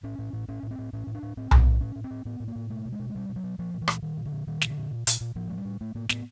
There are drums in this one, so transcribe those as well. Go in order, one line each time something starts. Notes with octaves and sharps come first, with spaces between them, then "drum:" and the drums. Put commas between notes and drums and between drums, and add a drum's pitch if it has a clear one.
A2 C#4
A2
A2
A2 C#4
A2
C4
A2
A2 C#4
A2
D4
A2
A2 C4
A2, drum: tom B1
A2
A2 C#4
A2
C4
A2
A2 B3
A2
A#3
A2
B2 A3
B2
G#3
B2
G#3
B2 G3
B2
F#3
B2
A#2 F3
A#2
E3
A#2, drum: rim click
A#2 D#3
A#2
D3
A#2
A#2 D#3
A#2, drum: snare
D3
A#2
A#2
A#2, drum: hi-hat
A#2
A2 F3
A2 G#3
G3
A2
A2 A3
A2 A#3
A2 B3, drum: snare